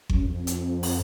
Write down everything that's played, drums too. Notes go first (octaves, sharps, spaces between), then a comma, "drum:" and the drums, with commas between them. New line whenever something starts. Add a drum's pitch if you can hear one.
F#2, drum: kick G1
F2
drum: hi-hat
drum: open hi-hat